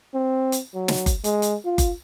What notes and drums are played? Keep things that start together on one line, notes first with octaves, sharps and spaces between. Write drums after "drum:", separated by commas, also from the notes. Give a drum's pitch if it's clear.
C4
drum: hi-hat
F#3
drum: snare
drum: kick F#1, hi-hat
G#3, drum: hi-hat
drum: hi-hat
F4
drum: kick F#1, hi-hat